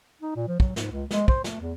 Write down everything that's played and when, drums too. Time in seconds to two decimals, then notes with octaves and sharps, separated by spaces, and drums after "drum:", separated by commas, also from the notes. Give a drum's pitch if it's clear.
0.22 D#4
0.36 A#2
0.48 F3
0.60 F#3, drum: kick
0.76 G#2, drum: snare
0.91 C#2
1.11 G#3, drum: snare
1.28 C5, drum: kick
1.44 A3, drum: snare
1.60 E2